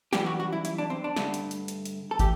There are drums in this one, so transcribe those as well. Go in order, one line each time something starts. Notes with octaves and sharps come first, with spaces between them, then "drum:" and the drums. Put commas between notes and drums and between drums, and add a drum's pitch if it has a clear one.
F#2 E3 G3 G4, drum: snare
F#4
F#4
E4
E4, drum: hi-hat
D4
C4
D4
G2 D3 A3, drum: snare
drum: hi-hat
drum: hi-hat
drum: hi-hat
drum: hi-hat
A4
A3 G4, drum: kick, hi-hat